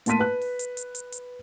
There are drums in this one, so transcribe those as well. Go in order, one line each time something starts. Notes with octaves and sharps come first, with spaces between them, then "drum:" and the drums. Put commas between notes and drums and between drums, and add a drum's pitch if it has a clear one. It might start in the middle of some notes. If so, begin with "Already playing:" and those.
A2 A#3 A5 C6 B6 D#7, drum: hi-hat
B4 F#6
drum: open hi-hat
drum: hi-hat
drum: hi-hat
drum: hi-hat
drum: hi-hat